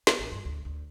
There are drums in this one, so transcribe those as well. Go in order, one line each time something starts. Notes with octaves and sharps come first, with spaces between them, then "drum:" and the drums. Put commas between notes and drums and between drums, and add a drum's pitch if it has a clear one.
B3, drum: snare
A1
G2
D2
D2